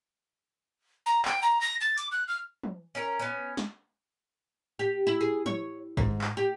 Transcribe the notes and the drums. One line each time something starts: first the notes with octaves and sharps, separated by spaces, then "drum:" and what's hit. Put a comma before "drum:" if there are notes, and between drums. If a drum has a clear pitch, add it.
A#5
G5, drum: clap
A#5
A#6
A6
D6, drum: hi-hat
F#6
F6
drum: tom
C#4 A#4
B3 C#4
drum: snare
G4
E4
G#4
C#5, drum: tom
G#2, drum: kick G#1
drum: clap
G4